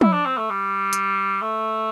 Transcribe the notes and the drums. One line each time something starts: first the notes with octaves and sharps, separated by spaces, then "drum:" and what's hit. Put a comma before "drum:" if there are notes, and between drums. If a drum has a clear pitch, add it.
E4, drum: tom
D4
C4
A3
G3
drum: hi-hat
A3